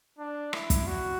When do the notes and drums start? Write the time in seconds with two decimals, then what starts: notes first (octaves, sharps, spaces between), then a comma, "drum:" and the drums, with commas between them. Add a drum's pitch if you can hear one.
0.19 D4
0.53 E4, drum: rim click
0.70 drum: kick, hi-hat
0.86 F#4